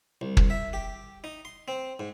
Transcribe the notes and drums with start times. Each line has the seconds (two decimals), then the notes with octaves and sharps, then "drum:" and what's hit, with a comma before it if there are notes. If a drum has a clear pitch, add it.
0.21 C2
0.37 drum: kick
0.50 E5
0.73 G4
1.24 D#4
1.45 C6
1.68 C4
2.00 G#2